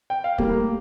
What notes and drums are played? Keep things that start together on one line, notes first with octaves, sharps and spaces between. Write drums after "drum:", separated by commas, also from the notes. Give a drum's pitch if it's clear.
G5
F5
A2 G3 A#3, drum: kick